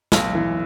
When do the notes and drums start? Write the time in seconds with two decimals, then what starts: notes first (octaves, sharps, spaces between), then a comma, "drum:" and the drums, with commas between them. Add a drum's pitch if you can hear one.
0.12 B1, drum: snare
0.35 E3